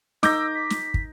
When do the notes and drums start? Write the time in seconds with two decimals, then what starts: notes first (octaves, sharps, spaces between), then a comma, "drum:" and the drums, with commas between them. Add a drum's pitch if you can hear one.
0.23 D#4 D6 E6 G6 A#6, drum: snare
0.55 B6
0.70 drum: snare
0.94 drum: kick